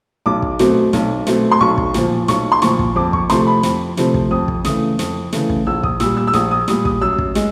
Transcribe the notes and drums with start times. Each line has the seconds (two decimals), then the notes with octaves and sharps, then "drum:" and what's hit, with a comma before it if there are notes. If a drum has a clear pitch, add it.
0.26 B1 D6
0.42 drum: kick
0.59 B2 F#3 A3 C4, drum: snare
0.93 B1, drum: snare
1.27 B2 F#3 A3 C4, drum: snare
1.52 C6
1.61 B1 C#6
1.78 drum: kick
1.94 A#2 F3, drum: snare
2.28 B1 C#6, drum: snare
2.52 C6
2.62 A#2 F3 C#6, drum: snare
2.79 drum: kick
2.96 F2 D6
3.13 C#6, drum: kick
3.30 C3 F3 A3 C4 C6, drum: snare
3.47 B5
3.63 F2, drum: snare
3.97 C3 F3 A3 C4, drum: snare
4.14 drum: kick
4.31 F2 D#6
4.48 drum: kick
4.65 C#3 E3 A3 D#6, drum: snare
4.99 F2, drum: snare
5.33 C#3 E3 A3, drum: snare
5.49 drum: kick
5.67 A#1 E6
5.83 D#6, drum: kick
6.00 A#2 G3 E6, drum: snare
6.17 E6
6.27 E6
6.33 A#1 D#6, drum: snare
6.51 D#6
6.68 A#2 G3 D#6, drum: snare
6.85 D#6, drum: kick
7.01 F#2 E6
7.18 drum: kick
7.35 G#3, drum: snare